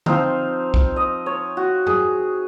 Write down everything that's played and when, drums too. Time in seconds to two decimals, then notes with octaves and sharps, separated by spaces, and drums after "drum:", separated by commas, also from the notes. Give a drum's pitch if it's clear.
0.06 F3 C4 D#4 F5, drum: tom D3
0.74 drum: kick
0.96 D#5
1.26 C#5
1.57 F#4
1.87 G#4, drum: tom G2